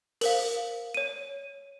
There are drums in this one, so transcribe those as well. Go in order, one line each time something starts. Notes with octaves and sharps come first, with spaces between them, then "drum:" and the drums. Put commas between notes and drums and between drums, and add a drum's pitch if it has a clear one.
A#4 C5 F5, drum: open hi-hat
C#5 D#7